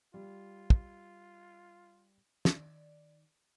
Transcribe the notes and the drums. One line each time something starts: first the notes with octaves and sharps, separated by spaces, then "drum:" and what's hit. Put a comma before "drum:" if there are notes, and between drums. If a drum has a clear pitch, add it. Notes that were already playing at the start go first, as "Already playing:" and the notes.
G3 F4
drum: kick
D#3 D5, drum: snare